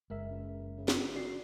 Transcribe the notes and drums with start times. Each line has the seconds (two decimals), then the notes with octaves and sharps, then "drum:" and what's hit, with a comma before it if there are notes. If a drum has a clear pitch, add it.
0.10 F#1 G#3 A#4 E5
0.30 C#2
0.78 C#3
0.88 drum: snare
1.15 C#3 F#4 D5 C7